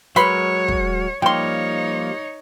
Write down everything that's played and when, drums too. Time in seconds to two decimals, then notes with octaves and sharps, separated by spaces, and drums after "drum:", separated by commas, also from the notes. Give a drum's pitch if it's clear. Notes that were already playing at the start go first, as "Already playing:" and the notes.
0.16 F#3 G#3 A#4 B4 C#5 B5 C6, drum: hi-hat
0.68 drum: kick
1.22 F3 G3 A#3 D#4 C#5 G5 C6